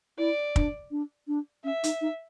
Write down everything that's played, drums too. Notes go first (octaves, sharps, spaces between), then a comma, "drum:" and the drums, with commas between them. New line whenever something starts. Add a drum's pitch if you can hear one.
E4 D5
D4, drum: kick
D4
D4
C#4 E5
D#4, drum: hi-hat
D#4